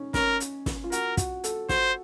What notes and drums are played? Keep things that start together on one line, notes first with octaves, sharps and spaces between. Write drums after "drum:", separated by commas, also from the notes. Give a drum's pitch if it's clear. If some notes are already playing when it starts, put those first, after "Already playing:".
Already playing: C#4 D#4
C#4 A#4, drum: snare
drum: hi-hat
drum: snare
F4
F#4 A#4, drum: hi-hat
F#4, drum: kick, hi-hat
A4, drum: hi-hat
F#4 C5, drum: snare